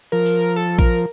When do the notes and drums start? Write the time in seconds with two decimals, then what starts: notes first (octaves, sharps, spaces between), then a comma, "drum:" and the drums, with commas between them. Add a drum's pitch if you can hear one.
0.12 F3 A#4
0.26 drum: open hi-hat
0.56 A4
0.79 A#4, drum: kick A#1